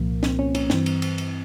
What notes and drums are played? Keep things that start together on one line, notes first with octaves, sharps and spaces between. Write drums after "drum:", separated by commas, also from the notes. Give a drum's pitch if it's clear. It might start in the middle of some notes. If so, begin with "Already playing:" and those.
Already playing: C2 A#2 F3 A#3
C4, drum: snare
C#4
C#4, drum: cymbal
G2 E3 C4, drum: snare
drum: cymbal
drum: cymbal
drum: cymbal